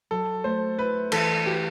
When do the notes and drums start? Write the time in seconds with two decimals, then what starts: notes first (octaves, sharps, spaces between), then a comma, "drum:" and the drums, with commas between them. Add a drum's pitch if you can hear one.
0.11 F#3 A4
0.44 A3 C5
0.78 E4 B4
1.12 E3 A4, drum: cymbal
1.46 F#4 G4